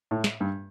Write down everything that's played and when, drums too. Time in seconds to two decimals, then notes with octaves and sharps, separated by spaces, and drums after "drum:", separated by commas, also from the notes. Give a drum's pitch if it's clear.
0.11 A2
0.24 drum: snare
0.40 G2